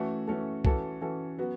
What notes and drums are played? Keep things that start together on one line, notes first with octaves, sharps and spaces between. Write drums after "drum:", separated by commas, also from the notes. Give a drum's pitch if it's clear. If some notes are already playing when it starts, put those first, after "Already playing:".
Already playing: E3 A3 C#4 F#4 A4
E3 A3 C#4 F#4 A4
E3 C#4 F#4 A4, drum: kick B1
E3 C#4 F#4 A4
F#3 B3 F#4